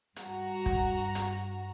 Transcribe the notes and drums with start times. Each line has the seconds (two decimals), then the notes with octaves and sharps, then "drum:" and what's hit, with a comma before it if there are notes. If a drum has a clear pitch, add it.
0.16 G2 F#4 A#5, drum: hi-hat
0.66 drum: kick
1.15 drum: hi-hat